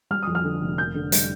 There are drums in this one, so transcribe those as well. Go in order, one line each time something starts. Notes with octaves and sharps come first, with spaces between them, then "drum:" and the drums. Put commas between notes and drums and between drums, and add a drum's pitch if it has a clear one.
G3 F6
F2 D#6
F6
D3
F1
A#3 G6
D3
G3, drum: hi-hat